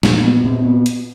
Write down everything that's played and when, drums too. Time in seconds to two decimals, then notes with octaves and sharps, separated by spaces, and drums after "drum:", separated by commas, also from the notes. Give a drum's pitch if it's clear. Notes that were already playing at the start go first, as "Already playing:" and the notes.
0.03 A#2 A#3, drum: snare
0.24 B3
0.45 A#2 C4
0.65 B3
0.86 drum: hi-hat